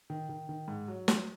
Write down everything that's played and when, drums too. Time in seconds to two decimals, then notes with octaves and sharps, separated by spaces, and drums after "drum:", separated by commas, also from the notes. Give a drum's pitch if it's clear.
0.10 D#3
0.29 D#3
0.49 D#3
0.68 G#2
0.88 F#3
1.08 F#3, drum: snare